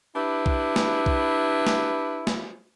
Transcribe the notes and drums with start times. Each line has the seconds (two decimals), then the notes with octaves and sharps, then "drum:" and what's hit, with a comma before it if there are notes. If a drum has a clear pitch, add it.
0.16 D4 E4 G4 B4
0.46 drum: kick B1
0.76 drum: snare
1.06 drum: kick B1
1.67 drum: snare
2.27 drum: snare